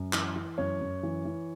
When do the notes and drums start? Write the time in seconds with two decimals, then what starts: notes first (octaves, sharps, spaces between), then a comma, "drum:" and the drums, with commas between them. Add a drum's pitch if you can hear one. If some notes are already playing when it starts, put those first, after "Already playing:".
Already playing: F#2
0.13 E3, drum: clap
0.36 E3
0.58 F#2 C#5
0.81 F#2
1.03 E3
1.25 E3